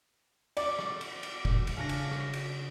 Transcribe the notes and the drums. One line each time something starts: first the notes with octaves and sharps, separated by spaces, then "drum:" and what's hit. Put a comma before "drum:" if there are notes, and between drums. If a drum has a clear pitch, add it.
D5, drum: cymbal
drum: rim click
drum: cymbal
drum: cymbal
drum: kick F1
drum: cymbal
C#3 D4 A#6
drum: cymbal
drum: rim click
drum: cymbal